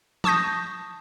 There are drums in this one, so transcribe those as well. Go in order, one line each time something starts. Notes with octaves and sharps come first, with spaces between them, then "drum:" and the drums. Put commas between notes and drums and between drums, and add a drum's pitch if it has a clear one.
A5 C#6 D#6 G6 A#6, drum: tom F3